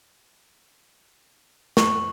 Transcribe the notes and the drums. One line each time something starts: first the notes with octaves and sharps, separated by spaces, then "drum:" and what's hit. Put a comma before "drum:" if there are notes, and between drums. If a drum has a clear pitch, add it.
C#6, drum: snare